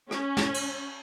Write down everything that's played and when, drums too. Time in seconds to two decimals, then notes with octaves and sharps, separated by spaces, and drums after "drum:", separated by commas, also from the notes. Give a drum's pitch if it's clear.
0.11 C#4, drum: rim click
0.37 drum: snare
0.54 drum: cymbal